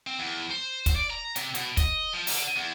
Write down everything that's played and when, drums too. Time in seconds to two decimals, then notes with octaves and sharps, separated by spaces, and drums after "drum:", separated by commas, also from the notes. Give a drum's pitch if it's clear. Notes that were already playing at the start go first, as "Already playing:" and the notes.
0.07 C4
0.19 E2
0.51 C5
0.86 drum: kick, hi-hat
0.95 D5
1.10 A#5
1.36 C3, drum: hi-hat
1.55 B2, drum: hi-hat
1.77 D#5, drum: kick, hi-hat
2.13 F3
2.27 D3, drum: open hi-hat
2.56 E2